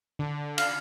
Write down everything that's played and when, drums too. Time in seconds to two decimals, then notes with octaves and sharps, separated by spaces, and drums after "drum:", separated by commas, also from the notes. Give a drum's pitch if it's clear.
0.19 D3
0.58 F5, drum: cymbal